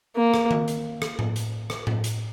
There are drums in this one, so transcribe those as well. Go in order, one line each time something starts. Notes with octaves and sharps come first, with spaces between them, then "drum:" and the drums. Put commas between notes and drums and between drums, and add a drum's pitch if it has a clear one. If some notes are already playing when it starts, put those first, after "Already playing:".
A#3
drum: rim click
drum: tom D#3
drum: hi-hat
drum: rim click
drum: tom A2
drum: hi-hat
drum: rim click
drum: tom A2
drum: hi-hat